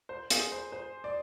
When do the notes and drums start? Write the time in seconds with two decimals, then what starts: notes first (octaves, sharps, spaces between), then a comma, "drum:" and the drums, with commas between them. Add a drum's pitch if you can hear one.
0.09 C5
0.30 G#4, drum: hi-hat
0.52 C5
0.72 C5
1.04 D5